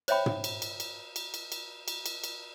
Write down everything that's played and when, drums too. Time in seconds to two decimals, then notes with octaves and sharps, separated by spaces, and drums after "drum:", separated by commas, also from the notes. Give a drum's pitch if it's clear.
0.08 C5 C#5 E5 G5 B5, drum: cymbal
0.26 drum: tom
0.44 drum: cymbal
0.62 drum: cymbal
0.80 drum: cymbal
1.16 drum: cymbal
1.34 drum: cymbal
1.52 drum: cymbal
1.88 drum: cymbal
2.06 drum: cymbal
2.24 drum: cymbal